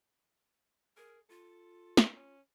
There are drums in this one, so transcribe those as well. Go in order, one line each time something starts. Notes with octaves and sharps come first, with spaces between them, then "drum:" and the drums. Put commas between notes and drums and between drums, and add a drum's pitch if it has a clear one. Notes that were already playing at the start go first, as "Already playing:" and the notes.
G#4 A#4
F4 A4
drum: snare
C#4